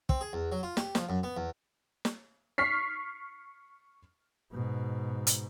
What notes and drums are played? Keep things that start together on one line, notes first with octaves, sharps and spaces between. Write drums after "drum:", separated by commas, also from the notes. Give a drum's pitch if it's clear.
C4, drum: kick
G#4
E2
F#3
F4
G4, drum: snare
F3, drum: snare
F#2
B3
E2
drum: snare
C#6 F6 B6 C7
G#2 B2
drum: hi-hat